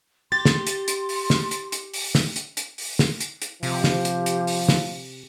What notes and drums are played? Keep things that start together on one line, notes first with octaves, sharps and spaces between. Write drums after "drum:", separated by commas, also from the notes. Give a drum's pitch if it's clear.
G4 C6 A6
drum: snare
drum: hi-hat
drum: hi-hat
drum: open hi-hat
drum: snare
drum: hi-hat
drum: hi-hat
drum: open hi-hat
drum: snare
drum: hi-hat
drum: hi-hat
drum: open hi-hat
drum: snare
drum: hi-hat
drum: hi-hat
C3 F3 G4, drum: open hi-hat
drum: snare
drum: hi-hat
drum: hi-hat
drum: open hi-hat
drum: snare